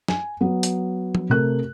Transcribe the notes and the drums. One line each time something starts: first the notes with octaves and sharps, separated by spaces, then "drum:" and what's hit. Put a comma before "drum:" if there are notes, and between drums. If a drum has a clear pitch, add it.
G#5, drum: snare
F#3 B3
drum: hi-hat
drum: tom F3
C3 A3 A#4 F#6